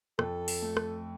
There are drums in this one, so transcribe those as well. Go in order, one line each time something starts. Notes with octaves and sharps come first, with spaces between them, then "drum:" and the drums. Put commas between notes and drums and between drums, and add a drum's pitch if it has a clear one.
F2 A4, drum: rim click
drum: open hi-hat
A3
drum: rim click